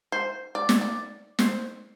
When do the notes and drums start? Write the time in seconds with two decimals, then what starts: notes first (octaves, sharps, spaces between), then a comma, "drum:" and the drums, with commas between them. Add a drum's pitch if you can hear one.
0.12 C5
0.55 D5
0.69 drum: snare
0.81 D5
1.39 C5, drum: snare